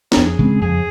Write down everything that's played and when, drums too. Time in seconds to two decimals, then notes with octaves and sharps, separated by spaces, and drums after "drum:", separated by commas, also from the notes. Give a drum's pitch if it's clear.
0.12 A#4, drum: snare
0.17 F2 G#4
0.39 C#3 G#3 C4
0.61 F2 G#4